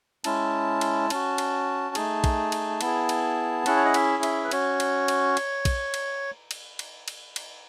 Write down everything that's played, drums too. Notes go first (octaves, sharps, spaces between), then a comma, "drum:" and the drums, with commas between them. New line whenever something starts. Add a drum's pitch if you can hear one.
G#3 C#4 E4 A5, drum: cymbal
drum: cymbal
C#4 F#4, drum: cymbal
drum: cymbal
A3 D#4 G#4, drum: cymbal
drum: kick, cymbal
drum: cymbal
B3 E4 G#4, drum: cymbal
drum: cymbal
C#4 E4 G#4 F#5, drum: cymbal
C#5
D#5
E5, drum: cymbal
E5, drum: cymbal
B4
C#4 F#4 C#5, drum: cymbal
drum: cymbal
drum: cymbal
drum: cymbal
drum: kick, cymbal
drum: cymbal
drum: cymbal
drum: cymbal
drum: cymbal
drum: cymbal